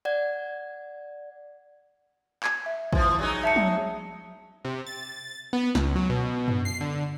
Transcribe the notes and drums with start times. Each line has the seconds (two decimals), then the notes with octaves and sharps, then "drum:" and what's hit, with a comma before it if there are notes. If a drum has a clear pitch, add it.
0.05 D5 F#5 G#6
2.44 G#6, drum: clap
2.66 E5
2.93 E3 F3, drum: kick
3.19 F#3 G#3 D#4
3.44 E5 A5 C#7
3.56 drum: tom
4.65 C3
4.87 A6
5.53 B3
5.75 C#2, drum: snare
5.95 F#3
6.10 B2
6.48 drum: tom F#2
6.65 C7
6.81 D3